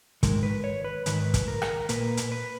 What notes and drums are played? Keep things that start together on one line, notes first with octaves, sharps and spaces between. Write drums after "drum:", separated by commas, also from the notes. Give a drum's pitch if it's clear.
G#2 D#3 G#3 A#4, drum: kick, hi-hat
B4
C#5
B4
G#2 D#3 B4, drum: hi-hat
drum: kick, hi-hat
A#4
drum: rim click
A#2 A#3 B4, drum: hi-hat
drum: hi-hat
B4